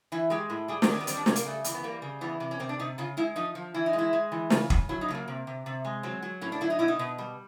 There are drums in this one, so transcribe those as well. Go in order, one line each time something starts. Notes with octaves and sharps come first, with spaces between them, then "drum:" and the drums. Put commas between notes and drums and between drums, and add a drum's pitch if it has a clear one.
E3 E4
G#3 G4
A2
G3 G#4
D4, drum: snare
D#3 C#4
C4
B3
G3 C4, drum: hi-hat
D4
C3 C#4, drum: snare
A#3, drum: hi-hat
C#3 A3
E3, drum: hi-hat
B3
G3 A#3
C#3
E3 B3
C3
C#4
C3 C4
D4
C3 D#4
C#3 F4
G#3 E4
F3 D#4
F3
E3 E4
D#4
G#3
E4
G#3
E3
C#3 F4, drum: snare
C#3, drum: kick
F#3 E4
D#4
C#3 A3
A#3
C3
C3
C3
G#3
F#3 C4
F#3
A2 C#4
D4
F#3 E4
D#4
B2 E4
D#4
B2
G3